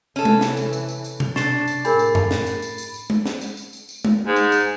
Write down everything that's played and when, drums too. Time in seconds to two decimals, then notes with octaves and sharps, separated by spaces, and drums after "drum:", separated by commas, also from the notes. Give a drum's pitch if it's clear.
0.16 C3 E3 C#4 A4
0.25 drum: tom G#3
0.41 drum: snare
0.57 drum: tambourine
0.73 drum: tambourine
0.89 drum: tambourine
1.04 drum: tambourine
1.20 drum: tom B2
1.36 C3 D4 C#6 A6 C7 E7, drum: snare
1.68 drum: tambourine
1.85 A2 D4 G#4 A#4 B5, drum: tambourine
1.99 drum: tambourine
2.15 drum: tom F2
2.31 drum: snare
2.47 drum: tambourine
2.62 drum: tambourine
2.78 drum: tambourine
2.94 drum: tambourine
3.10 drum: tom G#3
3.26 drum: snare
3.41 drum: tambourine
3.57 drum: tambourine
3.73 drum: tambourine
3.89 drum: tambourine
4.05 drum: tom G#3
4.27 G#2
4.36 drum: tambourine
4.52 drum: tambourine